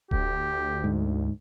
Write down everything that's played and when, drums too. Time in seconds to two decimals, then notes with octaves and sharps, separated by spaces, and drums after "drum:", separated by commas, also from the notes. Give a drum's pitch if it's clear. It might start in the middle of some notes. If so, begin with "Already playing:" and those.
0.11 D2 G4, drum: kick D#1
0.84 G#2